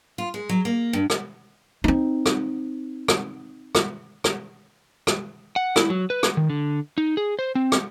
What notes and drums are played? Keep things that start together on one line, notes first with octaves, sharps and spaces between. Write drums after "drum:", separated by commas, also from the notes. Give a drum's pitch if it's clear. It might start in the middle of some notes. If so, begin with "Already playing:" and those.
F4
G#3
F#3
A#3
G2
drum: rim click
C4 D#4
drum: rim click
drum: rim click
drum: rim click
drum: rim click
drum: rim click
F#5
E4, drum: rim click
F#3
B4
drum: rim click
D#3
D3
D#4
G#4
C5
C4
drum: rim click